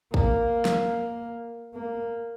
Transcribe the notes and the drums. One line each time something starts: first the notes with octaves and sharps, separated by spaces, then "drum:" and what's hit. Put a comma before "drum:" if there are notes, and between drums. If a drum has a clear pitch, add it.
A#3, drum: kick
drum: snare
A#3